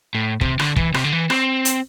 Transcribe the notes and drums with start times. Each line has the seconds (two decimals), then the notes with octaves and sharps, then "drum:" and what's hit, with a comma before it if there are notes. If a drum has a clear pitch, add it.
0.15 A2
0.41 C3, drum: kick
0.59 D3, drum: rim click
0.76 E3, drum: kick
0.94 C3, drum: rim click
1.04 D3
1.12 E3
1.30 C4, drum: rim click
1.65 drum: hi-hat